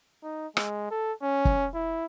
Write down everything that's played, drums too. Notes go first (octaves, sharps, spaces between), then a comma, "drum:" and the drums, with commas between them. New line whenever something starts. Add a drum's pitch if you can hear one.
D#4
G#3, drum: rim click
A4
C#4
drum: kick
E4